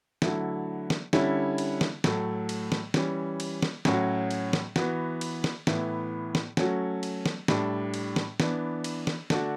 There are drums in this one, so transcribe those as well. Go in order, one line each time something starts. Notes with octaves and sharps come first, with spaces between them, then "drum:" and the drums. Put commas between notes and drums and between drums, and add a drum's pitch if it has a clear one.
D3 F#3 A3 E4, drum: snare
drum: snare
D3 G3 C#4 E4, drum: snare
drum: cymbal
drum: snare
A2 F#3 A3, drum: snare
drum: cymbal
drum: snare
E3 G3 C#4, drum: snare
drum: cymbal
drum: snare
A2 F#3 C#4 F#4, drum: snare
drum: cymbal
drum: snare
E3 B3 F#4, drum: snare
drum: cymbal
drum: snare
A2 E3 B3 E4, drum: snare
drum: snare
F#3 A3 C#4 F#4, drum: snare
drum: cymbal
drum: snare
A2 G3 D4, drum: snare
drum: cymbal
drum: snare
E3 B3 D4, drum: snare
drum: cymbal
drum: snare
D3 A3 D4 F#4, drum: snare